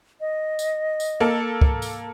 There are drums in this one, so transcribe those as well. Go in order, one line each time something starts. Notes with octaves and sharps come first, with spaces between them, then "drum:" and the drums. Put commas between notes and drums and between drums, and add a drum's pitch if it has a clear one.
D#5
drum: tambourine
drum: tambourine
A#3 A4
drum: kick
drum: tambourine